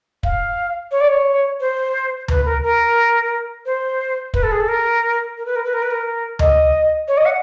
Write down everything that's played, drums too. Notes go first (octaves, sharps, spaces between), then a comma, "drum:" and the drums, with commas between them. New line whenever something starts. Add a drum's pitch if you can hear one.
F5, drum: kick
C#5
D5
C#5
C5
B4, drum: tom D2
A#4
A#4
C5
B4, drum: kick
A4
G#4
A4
A#4
A#4
B4
A#4
B4
A#4
B4
A#4
D#5, drum: tom D2
C#5
D#5
F#5